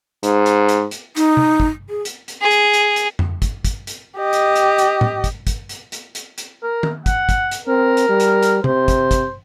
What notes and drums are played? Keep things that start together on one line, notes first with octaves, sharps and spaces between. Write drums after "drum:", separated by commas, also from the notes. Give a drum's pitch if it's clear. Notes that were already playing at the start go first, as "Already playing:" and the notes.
G#2, drum: hi-hat
drum: hi-hat
drum: hi-hat
drum: hi-hat
D#4, drum: hi-hat
drum: tom
drum: kick
G#4
drum: hi-hat
drum: hi-hat
G#4
drum: hi-hat
drum: hi-hat
drum: hi-hat
drum: tom F2
drum: kick, hi-hat
drum: kick, hi-hat
drum: hi-hat
G4 D#5
drum: hi-hat
drum: hi-hat
drum: hi-hat
drum: tom A2
drum: kick, hi-hat
drum: kick, hi-hat
drum: hi-hat
drum: hi-hat
drum: hi-hat
drum: hi-hat
A#4
drum: tom
F#5, drum: kick, hi-hat
drum: kick, hi-hat
drum: hi-hat
C4 A#4
drum: hi-hat
G3
drum: hi-hat
drum: hi-hat
C3 C5, drum: tom
drum: kick, hi-hat
drum: kick, hi-hat